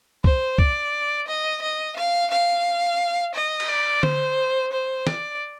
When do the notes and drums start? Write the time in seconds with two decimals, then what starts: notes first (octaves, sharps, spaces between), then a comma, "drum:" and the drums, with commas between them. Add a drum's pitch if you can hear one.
0.24 C5, drum: kick
0.58 D5, drum: kick
1.28 D#5
1.62 D#5
1.97 F5
2.31 F5
3.35 D#5
3.60 drum: cymbal
3.69 D5
4.03 C5, drum: tom D3
4.73 C5
5.07 D5, drum: snare